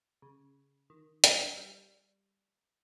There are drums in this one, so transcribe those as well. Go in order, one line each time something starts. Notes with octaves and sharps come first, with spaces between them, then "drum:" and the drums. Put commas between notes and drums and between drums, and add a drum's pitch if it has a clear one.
C#3
D#3
G3, drum: hi-hat
G3